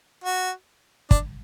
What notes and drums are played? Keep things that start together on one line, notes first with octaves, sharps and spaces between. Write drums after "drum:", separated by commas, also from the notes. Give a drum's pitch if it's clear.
F#4
D4, drum: kick